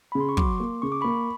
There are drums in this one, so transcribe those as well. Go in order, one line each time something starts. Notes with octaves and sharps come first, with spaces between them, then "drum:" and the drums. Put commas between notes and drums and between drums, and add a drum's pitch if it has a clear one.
C#3 B5
C6
C#6
F#3 C6 D6, drum: kick
A#3
C#3 C#6
D6
A#3 B5 C#6